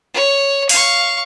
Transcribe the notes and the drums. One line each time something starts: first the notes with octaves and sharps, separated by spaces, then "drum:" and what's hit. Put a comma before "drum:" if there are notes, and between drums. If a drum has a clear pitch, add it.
C#5
F5 C#6, drum: open hi-hat